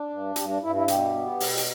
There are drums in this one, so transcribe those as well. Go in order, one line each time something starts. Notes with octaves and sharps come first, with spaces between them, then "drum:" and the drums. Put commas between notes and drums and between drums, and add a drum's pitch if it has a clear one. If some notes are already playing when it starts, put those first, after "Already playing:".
Already playing: D4
G2
G2 G4, drum: hi-hat
D4
G2 E4
E4
B2 G4, drum: hi-hat
B3
B2, drum: open hi-hat
drum: hi-hat